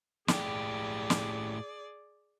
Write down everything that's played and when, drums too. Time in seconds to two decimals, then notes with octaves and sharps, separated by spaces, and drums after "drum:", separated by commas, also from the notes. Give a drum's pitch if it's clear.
0.28 A2 G4 G#4 D5, drum: snare
1.10 drum: snare